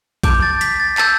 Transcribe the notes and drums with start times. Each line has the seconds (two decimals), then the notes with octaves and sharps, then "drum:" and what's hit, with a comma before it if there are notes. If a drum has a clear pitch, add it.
0.23 A5 D6 G6 D7, drum: kick A#1, hi-hat
0.42 A6
0.61 B6, drum: hi-hat
0.80 A6
0.98 A5 E6 G6 A6, drum: clap